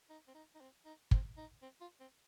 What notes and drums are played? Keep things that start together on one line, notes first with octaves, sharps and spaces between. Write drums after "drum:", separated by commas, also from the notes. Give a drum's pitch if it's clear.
D#4
C4
D#4
D#4
C4
D#4
C4, drum: kick
D#4
C4
F4
C4